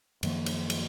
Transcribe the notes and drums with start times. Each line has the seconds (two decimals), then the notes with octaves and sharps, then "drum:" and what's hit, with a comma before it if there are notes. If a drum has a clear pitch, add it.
0.23 F#2 D#3 F3 A#3, drum: cymbal
0.46 drum: cymbal
0.70 drum: cymbal